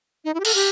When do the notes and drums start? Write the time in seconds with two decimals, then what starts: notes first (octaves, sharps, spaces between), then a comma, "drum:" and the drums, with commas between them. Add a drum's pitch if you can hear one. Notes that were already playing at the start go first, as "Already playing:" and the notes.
0.25 D#4
0.34 E4
0.40 G4
0.45 A4, drum: cymbal
0.55 G4